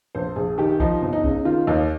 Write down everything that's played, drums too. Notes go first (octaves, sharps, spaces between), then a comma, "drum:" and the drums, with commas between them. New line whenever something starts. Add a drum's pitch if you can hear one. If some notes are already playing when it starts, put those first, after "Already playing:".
A#1 C5
A#1 G#4
D#3 G4
F3 D#4, drum: kick B1
G1
D#4
C#3, drum: kick B1
D#3 F4
D#2 D#4